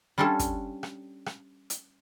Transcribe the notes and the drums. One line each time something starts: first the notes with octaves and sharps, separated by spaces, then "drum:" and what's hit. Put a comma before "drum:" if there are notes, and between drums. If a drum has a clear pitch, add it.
G3 C#4 D4 F4 A4
drum: kick, hi-hat
drum: rim click
drum: rim click
drum: hi-hat